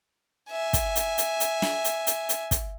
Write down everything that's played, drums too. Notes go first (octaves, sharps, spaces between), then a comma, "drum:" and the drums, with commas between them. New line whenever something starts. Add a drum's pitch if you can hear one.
E5 G#5
drum: kick, hi-hat
drum: hi-hat
drum: hi-hat
drum: hi-hat
drum: snare
drum: hi-hat
drum: hi-hat
drum: hi-hat
drum: kick, hi-hat